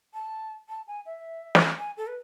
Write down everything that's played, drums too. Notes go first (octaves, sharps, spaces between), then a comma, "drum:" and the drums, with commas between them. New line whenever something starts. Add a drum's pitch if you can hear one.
A5
A5
G#5
E5
drum: snare
G#5
A4
B4